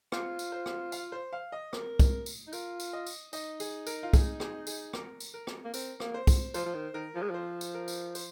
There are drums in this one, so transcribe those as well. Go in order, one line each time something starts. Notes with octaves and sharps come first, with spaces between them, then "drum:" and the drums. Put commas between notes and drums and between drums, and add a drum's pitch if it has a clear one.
F4 C5, drum: rim click
drum: tambourine
C5
drum: rim click
F5, drum: tambourine
C5
F5
D#5
A#4, drum: rim click
drum: kick, tambourine
drum: tambourine
D#4
F4 A#4, drum: tambourine
drum: tambourine
D#5
drum: tambourine
D#4 D#5, drum: tambourine
G#4, drum: tambourine
A#4, drum: tambourine
F4
G#4, drum: kick, tambourine
G#4, drum: rim click
G#4, drum: tambourine
A#4, drum: rim click
drum: tambourine
A#4
drum: rim click
A#3
C4 A#4, drum: tambourine
A#3, drum: rim click
C5
drum: kick, tambourine
F3 C5, drum: tambourine
F3
D#3
D#3 A#4
F3
G#3
F3 C5
drum: tambourine
A#4
drum: tambourine
C5, drum: tambourine